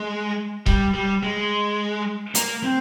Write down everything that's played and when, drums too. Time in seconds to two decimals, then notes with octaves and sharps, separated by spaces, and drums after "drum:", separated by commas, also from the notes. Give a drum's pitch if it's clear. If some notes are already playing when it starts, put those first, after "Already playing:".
Already playing: G#3
0.66 G3, drum: kick C#1
0.94 G3
1.23 G#3
2.35 A#3, drum: hi-hat
2.64 C4